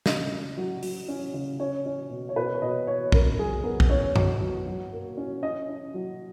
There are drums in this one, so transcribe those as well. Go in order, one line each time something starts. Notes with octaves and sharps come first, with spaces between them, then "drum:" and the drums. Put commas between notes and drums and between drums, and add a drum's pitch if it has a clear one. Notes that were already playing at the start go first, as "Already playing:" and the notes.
C#3 D#5, drum: snare
C#3
F#3
F#3, drum: open hi-hat
C#4
C#3
C#4 C#5
C#4
B2
C#5
B2 B4
C#5
B2 D#5
B2 C#5
C#3 A#4, drum: kick
F#2 G#4
B3 A#4
drum: kick
C#4 C#5
B2, drum: tom F#2
F#3
F#3
A#3
C#4
C#4 D#5
C#4
F#3